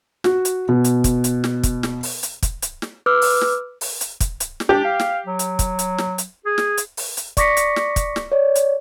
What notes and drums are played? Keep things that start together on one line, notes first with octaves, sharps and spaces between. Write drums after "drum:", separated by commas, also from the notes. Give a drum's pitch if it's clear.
F#4, drum: snare
drum: hi-hat
B2
drum: hi-hat
drum: kick, hi-hat
drum: hi-hat
drum: snare
drum: kick, hi-hat
drum: snare
drum: open hi-hat
drum: hi-hat
drum: kick, hi-hat
drum: hi-hat
drum: snare
B4 D6 E6 F6
drum: open hi-hat
drum: snare
drum: open hi-hat
drum: hi-hat
drum: kick, hi-hat
drum: hi-hat
drum: snare
D4 G4
F5
drum: snare
F#3
drum: hi-hat
drum: kick, hi-hat
drum: hi-hat
drum: snare
drum: hi-hat
G#4
drum: snare
drum: hi-hat
drum: open hi-hat
drum: hi-hat
D5 C#6 D6 A#6 B6 C#7, drum: kick, hi-hat
drum: hi-hat
drum: snare
drum: kick, hi-hat
drum: snare
C#5 D5
drum: hi-hat